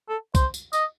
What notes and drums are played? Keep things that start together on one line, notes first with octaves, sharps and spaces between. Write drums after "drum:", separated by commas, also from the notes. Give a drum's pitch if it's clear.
A4
C5, drum: kick, tambourine
drum: tambourine
D#5, drum: tambourine